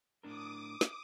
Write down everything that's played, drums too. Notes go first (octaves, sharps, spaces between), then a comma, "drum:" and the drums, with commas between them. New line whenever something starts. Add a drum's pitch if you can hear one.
A2 D4 A#4 D6 D#6
drum: snare